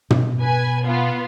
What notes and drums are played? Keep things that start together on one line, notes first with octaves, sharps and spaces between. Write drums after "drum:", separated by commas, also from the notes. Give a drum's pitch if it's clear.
B2, drum: tom
B4 G#5
B3 F4